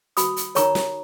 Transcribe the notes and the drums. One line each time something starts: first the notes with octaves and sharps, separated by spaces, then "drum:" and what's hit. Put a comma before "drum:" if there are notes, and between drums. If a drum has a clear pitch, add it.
F#4 B4 B5 D#6, drum: hi-hat
drum: hi-hat
D#4 A#4 C#5 A#5 C#6, drum: hi-hat
drum: snare